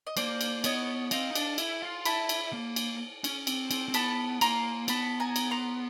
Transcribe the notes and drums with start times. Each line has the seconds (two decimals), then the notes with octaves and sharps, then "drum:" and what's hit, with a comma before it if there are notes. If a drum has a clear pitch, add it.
0.07 D#5
0.17 A#3 C5 D5, drum: cymbal
0.41 drum: cymbal
0.64 B3 C#5 D#5, drum: cymbal
1.11 C4 D#5 F5, drum: cymbal
1.30 D#4
1.35 D4, drum: cymbal
1.58 E4, drum: cymbal
1.82 F4
2.05 E4 A5 B5, drum: cymbal
2.29 drum: cymbal
2.53 A#3
2.76 drum: cymbal
3.24 C#4, drum: cymbal
3.47 C4, drum: cymbal
3.71 C4, drum: cymbal
3.88 C4
3.94 B3 A5 B5, drum: cymbal
4.41 A#3 A#5 C6, drum: cymbal
4.88 B3 A5 B5, drum: cymbal
5.20 G#5 A#5
5.36 drum: cymbal
5.51 A#5 C6